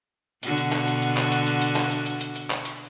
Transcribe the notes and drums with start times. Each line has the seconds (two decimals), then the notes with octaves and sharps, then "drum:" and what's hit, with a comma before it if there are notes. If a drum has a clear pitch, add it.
0.43 B2 D3 F#4, drum: hi-hat
0.58 drum: hi-hat
0.73 drum: clap
0.87 drum: hi-hat
1.02 drum: hi-hat
1.17 drum: clap
1.32 drum: hi-hat
1.47 drum: hi-hat
1.61 drum: hi-hat
1.76 drum: clap
1.91 drum: hi-hat
2.06 drum: hi-hat
2.21 drum: hi-hat
2.36 drum: hi-hat
2.50 drum: clap
2.65 drum: hi-hat